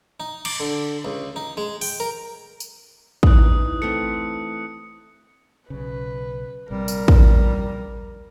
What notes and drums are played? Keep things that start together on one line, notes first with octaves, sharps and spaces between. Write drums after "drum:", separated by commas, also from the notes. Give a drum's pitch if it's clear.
D#4
D6, drum: cymbal
D3
C#2
D#4
G#3
G5, drum: open hi-hat
A#4
drum: tambourine
E3 D#4 D#6 F#6, drum: kick
A3 C4 C#7
B1 C#3 B4
A#1 C3 G3 A#4
drum: tambourine
drum: kick